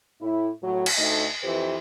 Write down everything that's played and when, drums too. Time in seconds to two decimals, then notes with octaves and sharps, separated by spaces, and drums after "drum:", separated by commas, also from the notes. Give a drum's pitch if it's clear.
0.21 A2 E4
0.62 A2 F#3
0.86 drum: cymbal
0.97 D2 A3 D#4 D#5
1.43 F2 E3 G4 B4 C5